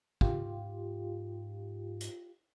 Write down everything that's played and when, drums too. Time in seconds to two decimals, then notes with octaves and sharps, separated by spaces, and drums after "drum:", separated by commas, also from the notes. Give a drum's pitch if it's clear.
0.21 G#2 F4 G4, drum: kick
2.01 drum: hi-hat